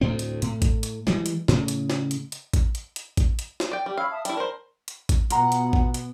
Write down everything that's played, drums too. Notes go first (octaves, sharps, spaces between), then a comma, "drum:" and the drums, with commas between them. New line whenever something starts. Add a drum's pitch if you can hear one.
D2 A2 C4
drum: hi-hat
A2, drum: hi-hat
drum: kick A1, hi-hat
drum: hi-hat
E3 G3 G#3, drum: snare
drum: hi-hat
A2 C#3, drum: snare
drum: hi-hat
drum: snare
drum: hi-hat
drum: hi-hat
drum: kick A1, hi-hat
drum: hi-hat
drum: hi-hat
drum: kick A1, hi-hat
drum: hi-hat
drum: snare
D5 G5
G3 G4 D6
C#4 F5 B5 E6
E5 A5 D#6
G3 E4 D5 A5 B5, drum: hi-hat
A#4 C5
drum: hi-hat
drum: kick A1, hi-hat
B2 B3 F4 F#5 A#5, drum: hi-hat
drum: hi-hat
drum: kick A1
drum: hi-hat